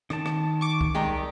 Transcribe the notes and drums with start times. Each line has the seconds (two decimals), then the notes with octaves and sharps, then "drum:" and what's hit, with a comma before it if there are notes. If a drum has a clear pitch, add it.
0.10 D#3 A5, drum: rim click
0.26 drum: rim click
0.61 C#6 D6
0.81 drum: kick C#2
0.95 D#3 G3 G#3 G4